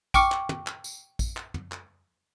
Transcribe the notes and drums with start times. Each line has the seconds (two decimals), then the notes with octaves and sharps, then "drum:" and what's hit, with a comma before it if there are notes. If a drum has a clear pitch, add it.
0.14 G5 C#6 D6 F6 C#7, drum: kick, tambourine
0.32 drum: clap
0.49 drum: tom
0.67 drum: clap
0.84 drum: tambourine
1.19 drum: kick, tambourine
1.37 drum: clap
1.54 drum: tom
1.72 drum: clap